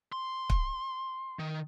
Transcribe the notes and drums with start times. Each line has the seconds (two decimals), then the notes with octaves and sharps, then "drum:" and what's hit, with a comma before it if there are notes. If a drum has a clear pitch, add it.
0.12 C6
0.50 drum: kick
1.39 D#3